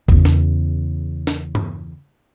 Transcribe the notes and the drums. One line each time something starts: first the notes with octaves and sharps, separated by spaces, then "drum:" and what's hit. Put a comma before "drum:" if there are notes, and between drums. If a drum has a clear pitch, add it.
E2 C#3, drum: kick
drum: snare
drum: snare
drum: tom G2